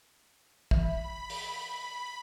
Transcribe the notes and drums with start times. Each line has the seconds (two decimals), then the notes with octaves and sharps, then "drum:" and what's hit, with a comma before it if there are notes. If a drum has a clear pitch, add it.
0.71 E3 E5 B5, drum: kick
1.30 drum: open hi-hat